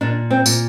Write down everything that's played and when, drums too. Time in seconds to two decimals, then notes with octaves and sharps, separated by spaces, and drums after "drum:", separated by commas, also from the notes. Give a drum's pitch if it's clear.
0.01 A#2 D4
0.31 C4
0.46 A#2, drum: tambourine